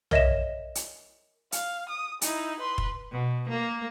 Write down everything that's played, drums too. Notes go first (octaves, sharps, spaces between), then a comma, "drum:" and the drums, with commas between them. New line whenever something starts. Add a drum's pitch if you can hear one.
A#4 C#5 D#5 E5 A#6 E7, drum: tom B1
drum: hi-hat
F5, drum: hi-hat
D#6
D#4 E4, drum: hi-hat
B4 C6
drum: kick
B2
A#3